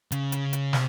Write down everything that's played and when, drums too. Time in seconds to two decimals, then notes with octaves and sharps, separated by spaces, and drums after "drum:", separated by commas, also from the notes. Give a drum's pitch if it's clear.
0.12 C#3, drum: hi-hat
0.32 drum: hi-hat
0.53 drum: hi-hat
0.73 C3, drum: snare